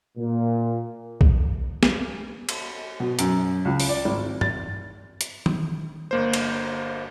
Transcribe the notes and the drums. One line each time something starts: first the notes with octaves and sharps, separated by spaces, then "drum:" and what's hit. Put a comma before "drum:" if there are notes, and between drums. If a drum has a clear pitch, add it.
A#2
drum: kick
drum: snare
drum: cymbal
B2
F#2, drum: hi-hat
C#2
drum: open hi-hat
D5
G#1
A6, drum: tom G2
drum: hi-hat
drum: tom
G1 A#3 C5
drum: cymbal